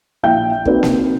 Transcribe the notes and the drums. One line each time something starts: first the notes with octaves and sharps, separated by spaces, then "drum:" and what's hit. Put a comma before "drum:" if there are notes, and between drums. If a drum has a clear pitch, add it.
A#1 E4 E5 F5 G5 G6
A#3 C4 D#4 F#4 B4, drum: kick
drum: snare A#3